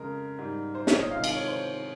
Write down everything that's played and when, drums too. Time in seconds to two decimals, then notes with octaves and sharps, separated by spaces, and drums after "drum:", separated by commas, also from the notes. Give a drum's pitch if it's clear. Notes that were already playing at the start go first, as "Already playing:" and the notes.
Already playing: F2 C#3 G#3 A#4
0.38 G#2 G3
0.75 C5
0.87 C#5, drum: snare
0.99 D#5
1.11 C3 D#3 G#3 F5
1.24 F5, drum: cymbal
1.36 C#5
1.48 C5